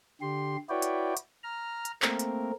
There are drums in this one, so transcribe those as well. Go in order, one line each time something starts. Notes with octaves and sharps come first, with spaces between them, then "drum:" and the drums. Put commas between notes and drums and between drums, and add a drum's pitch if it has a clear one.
D3 G4 C6
E4 F#4 B4 C#5 D5 G5
drum: hi-hat
drum: hi-hat
A#5 F6
drum: hi-hat
A3 A#3 C4 A#4, drum: clap
drum: hi-hat